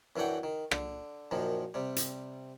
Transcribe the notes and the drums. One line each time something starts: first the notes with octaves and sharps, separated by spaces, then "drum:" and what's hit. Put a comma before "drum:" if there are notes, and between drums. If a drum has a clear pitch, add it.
F#2 E3 F#3 D4 F#5 G5
D#3
D3, drum: rim click
F#2 A#2 D#3 F3
C3 G3
drum: hi-hat